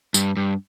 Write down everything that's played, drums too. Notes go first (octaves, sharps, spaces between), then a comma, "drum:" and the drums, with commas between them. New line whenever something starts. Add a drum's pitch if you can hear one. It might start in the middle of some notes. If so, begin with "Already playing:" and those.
G2, drum: tambourine
G2